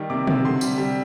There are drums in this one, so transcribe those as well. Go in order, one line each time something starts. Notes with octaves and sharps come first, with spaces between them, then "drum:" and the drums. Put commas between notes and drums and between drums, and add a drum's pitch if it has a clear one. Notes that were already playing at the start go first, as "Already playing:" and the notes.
Already playing: D#3 G3
C3 D6
C3, drum: tom
D3 C6
G3, drum: tambourine
G3